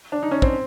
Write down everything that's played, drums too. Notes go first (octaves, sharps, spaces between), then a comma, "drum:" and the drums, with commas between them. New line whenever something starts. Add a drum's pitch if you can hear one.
D4
D#4
C#4
C4, drum: kick